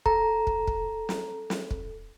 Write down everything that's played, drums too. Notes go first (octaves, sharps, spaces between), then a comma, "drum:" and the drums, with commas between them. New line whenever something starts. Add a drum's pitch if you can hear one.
A4 A#5, drum: kick
drum: kick
drum: kick
drum: snare
drum: snare
drum: kick